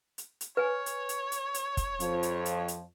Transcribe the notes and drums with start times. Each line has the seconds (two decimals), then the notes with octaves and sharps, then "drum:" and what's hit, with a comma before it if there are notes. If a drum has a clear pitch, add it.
0.18 drum: hi-hat
0.41 drum: hi-hat
0.57 B4 C#5 G#5
0.86 drum: hi-hat
1.09 drum: hi-hat
1.32 drum: hi-hat
1.54 drum: hi-hat
1.77 drum: kick, hi-hat
2.00 F2 F3, drum: hi-hat
2.23 drum: hi-hat
2.45 drum: hi-hat
2.68 drum: hi-hat